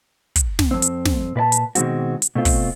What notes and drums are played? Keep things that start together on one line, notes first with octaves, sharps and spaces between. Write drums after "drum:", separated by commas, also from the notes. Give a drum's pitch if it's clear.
drum: kick, hi-hat
drum: snare
F2 C4
drum: hi-hat
drum: snare
A#2 B4 D5 A5
drum: hi-hat
B2 D#3 G#3 C4 F#4, drum: hi-hat
drum: hi-hat
B2 A3 C4 F4
drum: kick, open hi-hat